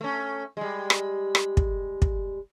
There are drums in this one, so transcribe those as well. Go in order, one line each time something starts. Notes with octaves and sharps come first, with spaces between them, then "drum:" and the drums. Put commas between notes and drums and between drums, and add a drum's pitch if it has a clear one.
A3 C#4
G3 G#3
drum: rim click
drum: rim click
drum: kick
drum: kick